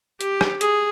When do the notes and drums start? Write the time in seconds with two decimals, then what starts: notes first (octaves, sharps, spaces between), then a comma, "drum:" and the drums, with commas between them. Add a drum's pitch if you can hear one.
0.21 G4, drum: hi-hat
0.41 drum: rim click
0.61 G#4, drum: hi-hat